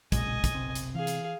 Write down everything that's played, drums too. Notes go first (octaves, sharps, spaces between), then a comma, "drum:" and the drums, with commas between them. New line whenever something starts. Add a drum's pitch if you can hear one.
F#1 B1 F#2 A#2 G#3 D#5 G#5, drum: kick, hi-hat
drum: kick, hi-hat
C3
drum: hi-hat
E3 G#4 F5
drum: hi-hat